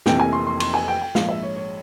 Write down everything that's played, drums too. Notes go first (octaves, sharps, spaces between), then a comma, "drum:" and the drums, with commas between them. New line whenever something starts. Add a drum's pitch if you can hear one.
F1 F2 C3 E3 A#3 G5, drum: snare
G#5
C6
C6
C6, drum: cymbal
G#5
G5
G5
A#1 G#2 F3 F5, drum: snare
E5
C#5
C#5